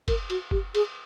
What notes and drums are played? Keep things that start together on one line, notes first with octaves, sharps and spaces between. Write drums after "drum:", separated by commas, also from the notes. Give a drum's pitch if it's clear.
A#4, drum: kick, cymbal
F#4, drum: cymbal
G4, drum: kick
G#4, drum: cymbal